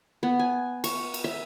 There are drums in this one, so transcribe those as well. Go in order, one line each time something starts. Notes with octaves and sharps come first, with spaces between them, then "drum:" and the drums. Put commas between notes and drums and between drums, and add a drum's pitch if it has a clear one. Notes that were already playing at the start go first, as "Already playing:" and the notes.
B3
G#5
C#6, drum: cymbal
drum: cymbal
E5